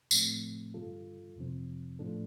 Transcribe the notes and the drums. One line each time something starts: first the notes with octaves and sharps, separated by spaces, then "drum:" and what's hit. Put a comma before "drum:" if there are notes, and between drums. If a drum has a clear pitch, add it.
A2 F3 A3 C4, drum: tambourine
G2 D3 G3 F4 A4
F2 C3 F3 C4
A2 F3 A3 D4 A4